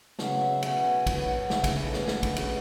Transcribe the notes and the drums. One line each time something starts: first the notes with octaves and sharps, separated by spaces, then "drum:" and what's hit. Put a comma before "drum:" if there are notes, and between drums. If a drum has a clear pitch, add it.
C#3 F#3 C#4 B4, drum: snare
E5
B2 A3 C#4 F#5, drum: cymbal
G#5
B2 F#3 B3 G#5, drum: kick, cymbal
F#5
C#3 G#3 C#4 E5, drum: snare
C#5, drum: kick, cymbal
B4
A4
B2 A3 C#4 G#4, drum: snare
B4, drum: snare
A4, drum: kick, cymbal
B2 G#3 C#4 B4, drum: cymbal